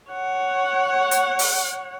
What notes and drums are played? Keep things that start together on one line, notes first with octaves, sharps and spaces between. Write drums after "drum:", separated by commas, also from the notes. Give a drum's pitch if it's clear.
C#5 F#5
drum: hi-hat
drum: open hi-hat